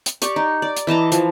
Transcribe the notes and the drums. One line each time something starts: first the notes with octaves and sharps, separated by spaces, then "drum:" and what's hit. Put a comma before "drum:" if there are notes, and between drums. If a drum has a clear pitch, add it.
drum: hi-hat
G4 D5 C#6, drum: hi-hat
D#4
D5
drum: hi-hat
E3 D#5 A5 A#5
E3 F3, drum: hi-hat